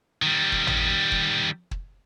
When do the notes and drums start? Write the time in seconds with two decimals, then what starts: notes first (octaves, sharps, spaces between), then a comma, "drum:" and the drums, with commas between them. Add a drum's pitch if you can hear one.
0.22 D#3 G3
0.52 drum: kick
0.67 drum: tom
1.12 drum: kick
1.71 drum: kick